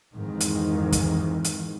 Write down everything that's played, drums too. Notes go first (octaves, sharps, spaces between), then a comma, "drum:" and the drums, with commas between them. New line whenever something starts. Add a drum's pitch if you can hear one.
F2 G#2 D#3 E3
drum: hi-hat
drum: kick, hi-hat
drum: hi-hat